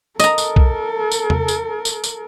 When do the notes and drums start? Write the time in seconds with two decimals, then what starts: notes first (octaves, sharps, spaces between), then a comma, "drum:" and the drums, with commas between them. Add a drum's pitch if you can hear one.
0.20 A4 A#4 D#5 A#5, drum: tambourine
0.38 drum: tambourine
0.56 drum: kick B1
1.12 drum: tambourine
1.30 drum: tom
1.48 drum: tambourine
1.85 drum: tambourine
2.04 drum: tambourine